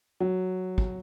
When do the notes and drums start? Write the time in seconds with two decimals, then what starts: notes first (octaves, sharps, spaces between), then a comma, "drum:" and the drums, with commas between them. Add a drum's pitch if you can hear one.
0.20 F#3
0.78 drum: kick